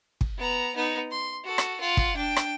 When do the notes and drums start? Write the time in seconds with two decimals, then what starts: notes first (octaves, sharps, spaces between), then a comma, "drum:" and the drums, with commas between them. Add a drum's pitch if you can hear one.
0.21 drum: kick
0.38 B3 A#5
0.75 B3 D#4
1.11 C6
1.44 F#4 A4
1.58 drum: rim click
1.81 F4 F#5
1.97 drum: kick
2.17 D4 G5
2.36 drum: rim click